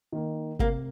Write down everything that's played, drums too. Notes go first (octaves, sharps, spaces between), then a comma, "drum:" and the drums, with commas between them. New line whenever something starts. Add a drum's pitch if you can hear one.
D#3 A#3
C3 A#3, drum: kick G1